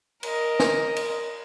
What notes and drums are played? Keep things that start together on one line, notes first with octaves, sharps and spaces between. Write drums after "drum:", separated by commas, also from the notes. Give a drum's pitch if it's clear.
A#4 D#5, drum: cymbal
drum: snare
drum: cymbal